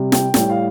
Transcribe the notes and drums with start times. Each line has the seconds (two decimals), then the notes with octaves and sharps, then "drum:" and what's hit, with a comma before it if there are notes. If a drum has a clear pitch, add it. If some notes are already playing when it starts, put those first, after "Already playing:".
Already playing: C3 G3
0.12 G5, drum: snare
0.34 A2 G3 G5, drum: snare
0.50 F5